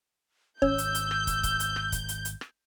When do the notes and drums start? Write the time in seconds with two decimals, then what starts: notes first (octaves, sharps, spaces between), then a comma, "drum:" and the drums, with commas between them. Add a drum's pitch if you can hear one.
0.62 G#1 C#4 E6 G6, drum: kick
0.78 drum: hi-hat
0.95 drum: hi-hat
1.11 drum: rim click
1.27 drum: kick, hi-hat
1.43 drum: kick, hi-hat
1.60 drum: hi-hat
1.76 drum: rim click
1.92 drum: kick, hi-hat
2.09 drum: hi-hat
2.25 drum: hi-hat
2.41 drum: rim click